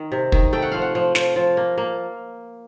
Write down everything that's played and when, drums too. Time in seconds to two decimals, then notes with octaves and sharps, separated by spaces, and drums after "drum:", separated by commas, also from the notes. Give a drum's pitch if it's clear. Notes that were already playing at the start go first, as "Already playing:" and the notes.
Already playing: D#3
0.12 C3
0.32 D#3, drum: kick
0.53 A3 G5
0.62 F#5
0.72 F3 F5
0.82 F#5
0.95 F3
1.15 F3, drum: snare
1.36 F3
1.57 A#3
1.78 A#3